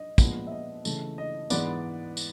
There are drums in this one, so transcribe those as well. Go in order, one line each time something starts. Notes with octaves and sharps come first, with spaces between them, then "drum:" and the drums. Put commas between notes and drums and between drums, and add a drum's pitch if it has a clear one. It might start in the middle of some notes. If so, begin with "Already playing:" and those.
Already playing: D#5
A#2 F3 G#3 B3, drum: kick, tambourine
E5
D#5
C#3 E3 A3, drum: tambourine
D#5
G#2 E3 G#3 B3 D5, drum: tambourine
drum: tambourine